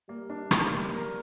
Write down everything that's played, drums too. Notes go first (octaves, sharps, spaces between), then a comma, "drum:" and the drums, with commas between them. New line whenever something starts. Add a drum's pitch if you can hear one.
G3 A#3
D4
A#3, drum: rim click
A#3
A#4